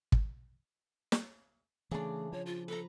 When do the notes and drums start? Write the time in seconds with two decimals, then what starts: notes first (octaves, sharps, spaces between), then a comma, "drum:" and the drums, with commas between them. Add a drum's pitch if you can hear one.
0.12 drum: kick
1.12 drum: snare
1.91 C#3 E3 A3 D4 G#4
2.33 F3 C#5
2.46 F4
2.68 A4 B4 A#5